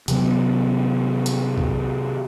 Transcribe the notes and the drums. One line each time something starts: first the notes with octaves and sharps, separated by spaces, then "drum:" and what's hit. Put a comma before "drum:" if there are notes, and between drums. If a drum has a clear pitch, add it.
C3 D#3 F#3 B3, drum: hi-hat
drum: hi-hat
drum: kick B1